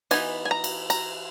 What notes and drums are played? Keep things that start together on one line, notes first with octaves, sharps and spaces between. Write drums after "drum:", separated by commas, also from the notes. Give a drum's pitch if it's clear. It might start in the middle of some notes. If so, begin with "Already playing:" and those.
E3 B3 D#4 G#5, drum: cymbal
G#5
A#5
drum: cymbal
A#5, drum: cymbal